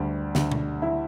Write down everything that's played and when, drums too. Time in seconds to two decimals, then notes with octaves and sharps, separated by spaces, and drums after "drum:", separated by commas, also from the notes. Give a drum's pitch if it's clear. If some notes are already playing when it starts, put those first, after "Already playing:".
Already playing: D2 G3
0.35 D2, drum: snare
0.52 drum: tom B2
0.82 E4